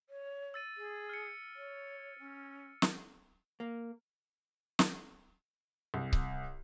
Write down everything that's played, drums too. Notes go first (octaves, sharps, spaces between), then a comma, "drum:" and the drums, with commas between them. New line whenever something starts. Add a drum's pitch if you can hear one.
C#5
E6 A6 D#7
G#4
F6 C#7
C#5
C#4
drum: snare
A#3
drum: snare
C2
drum: kick C#1